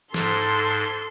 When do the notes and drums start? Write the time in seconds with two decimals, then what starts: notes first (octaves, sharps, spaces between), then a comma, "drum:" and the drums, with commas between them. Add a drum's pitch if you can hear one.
0.14 G#2 A4 C6, drum: snare